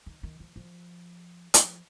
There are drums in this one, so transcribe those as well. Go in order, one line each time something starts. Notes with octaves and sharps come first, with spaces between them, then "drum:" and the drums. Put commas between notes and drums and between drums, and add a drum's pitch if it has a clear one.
D#3
D#3
F3
F3
F3, drum: hi-hat